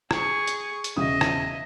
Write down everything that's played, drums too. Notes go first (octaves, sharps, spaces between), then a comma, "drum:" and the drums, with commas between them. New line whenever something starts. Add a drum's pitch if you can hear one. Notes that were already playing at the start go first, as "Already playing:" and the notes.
G#4 C#6, drum: rim click
drum: hi-hat
drum: hi-hat
E1 C#3 D#5 E5 D#6
drum: rim click